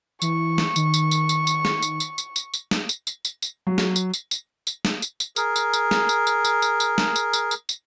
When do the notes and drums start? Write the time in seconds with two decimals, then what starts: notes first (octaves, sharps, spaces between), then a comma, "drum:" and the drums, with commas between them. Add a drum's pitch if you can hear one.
0.22 E3 C#6, drum: tambourine
0.58 drum: snare
0.76 D#3, drum: tambourine
0.94 drum: tambourine
1.11 drum: tambourine
1.29 drum: tambourine
1.47 drum: tambourine
1.65 drum: snare
1.83 drum: tambourine
2.00 drum: tambourine
2.18 drum: tambourine
2.36 drum: tambourine
2.54 drum: tambourine
2.71 drum: snare
2.89 drum: tambourine
3.07 drum: tambourine
3.25 drum: tambourine
3.42 drum: tambourine
3.67 F#3
3.78 drum: snare
3.96 drum: tambourine
4.14 drum: tambourine
4.31 drum: tambourine
4.67 drum: tambourine
4.85 drum: snare
5.02 drum: tambourine
5.20 drum: tambourine
5.36 G#4 A#4, drum: tambourine
5.56 drum: tambourine
5.73 drum: tambourine
5.91 drum: snare
6.09 drum: tambourine
6.27 drum: tambourine
6.45 drum: tambourine
6.62 drum: tambourine
6.80 drum: tambourine
6.98 drum: snare
7.16 drum: tambourine
7.33 drum: tambourine
7.51 drum: tambourine
7.69 drum: tambourine